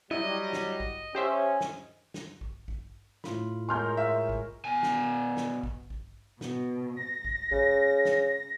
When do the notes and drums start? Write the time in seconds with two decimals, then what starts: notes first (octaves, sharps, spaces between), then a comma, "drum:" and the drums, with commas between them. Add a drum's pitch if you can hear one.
0.11 F#3 G3 E4 D#5
0.53 drum: snare
0.80 drum: kick A1
1.15 C#4 G4 C5 E5
1.61 drum: snare
2.14 drum: snare
2.41 drum: kick A1
2.68 drum: kick A1
3.24 A2 F4 B5, drum: snare
3.69 G#3 A#4 C#5 C6 F6 G6
3.97 E5
4.29 drum: kick A1
4.65 B2 G#5
4.83 drum: snare
5.37 drum: snare
5.63 drum: kick A1
5.90 drum: kick A1
6.41 B2, drum: snare
7.04 A#6
7.25 drum: kick A1
7.51 C#3, drum: kick A1
8.05 drum: snare